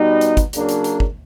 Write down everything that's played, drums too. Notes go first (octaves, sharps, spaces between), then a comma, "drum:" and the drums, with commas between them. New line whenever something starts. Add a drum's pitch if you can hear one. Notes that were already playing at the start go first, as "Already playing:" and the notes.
Already playing: B2 G3 B3 D#4
drum: hi-hat
drum: kick, hi-hat
C#3 F#3 A#3 D4, drum: hi-hat
drum: hi-hat
drum: hi-hat
drum: kick